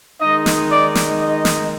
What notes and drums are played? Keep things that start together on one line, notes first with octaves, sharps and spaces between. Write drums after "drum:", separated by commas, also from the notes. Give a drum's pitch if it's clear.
D#3 G#3 D#4 D#5
drum: snare
D5
drum: snare
D#5
drum: snare